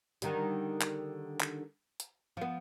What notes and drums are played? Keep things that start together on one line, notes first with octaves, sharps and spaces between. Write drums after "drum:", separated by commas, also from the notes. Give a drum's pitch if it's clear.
D3 D#3 G3, drum: hi-hat
drum: clap
drum: clap
drum: hi-hat
F3 B3